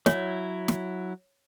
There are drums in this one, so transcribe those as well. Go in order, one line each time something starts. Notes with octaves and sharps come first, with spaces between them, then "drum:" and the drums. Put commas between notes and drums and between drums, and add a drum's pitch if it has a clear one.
F#3 E4 C#5, drum: snare
drum: snare